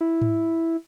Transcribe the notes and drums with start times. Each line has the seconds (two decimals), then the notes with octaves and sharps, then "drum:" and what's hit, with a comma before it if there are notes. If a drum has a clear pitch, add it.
0.01 E4
0.22 drum: tom G#2